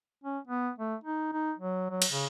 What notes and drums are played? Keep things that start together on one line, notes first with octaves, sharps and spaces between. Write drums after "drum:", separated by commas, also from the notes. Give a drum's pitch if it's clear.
C#4
B3
A3
D#4
D#4
F#3
F#3
drum: cymbal
C#3